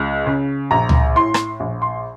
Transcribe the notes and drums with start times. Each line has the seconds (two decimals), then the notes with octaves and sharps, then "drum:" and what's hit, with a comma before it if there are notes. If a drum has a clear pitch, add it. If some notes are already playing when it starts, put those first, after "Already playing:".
Already playing: C#2
0.26 C#3
0.71 A#1 A#5
0.89 drum: tom C#2
1.15 A2 C6
1.34 drum: rim click
1.60 A#1
1.82 C6